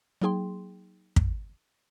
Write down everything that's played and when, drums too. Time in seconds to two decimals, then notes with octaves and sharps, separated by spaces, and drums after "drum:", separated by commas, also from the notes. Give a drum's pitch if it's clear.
0.22 F#3 A#3 D#4 G#4 G5 C6
1.16 drum: kick